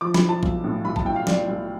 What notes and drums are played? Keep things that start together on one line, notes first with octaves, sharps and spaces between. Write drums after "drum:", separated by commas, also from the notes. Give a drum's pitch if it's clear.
F3 D6
B5, drum: snare
F3
A5
B1, drum: kick
A2
B1 B5
A5, drum: kick
B1 G5
F5
B1 D5, drum: snare
B1